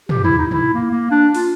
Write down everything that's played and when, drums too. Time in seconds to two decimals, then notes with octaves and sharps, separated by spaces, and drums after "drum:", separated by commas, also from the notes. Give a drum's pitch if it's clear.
0.09 G4, drum: tom
0.24 E4, drum: tom
0.38 D#4
0.51 E4, drum: tom
0.74 A#3
0.91 A#3
1.11 D4
1.35 F4, drum: open hi-hat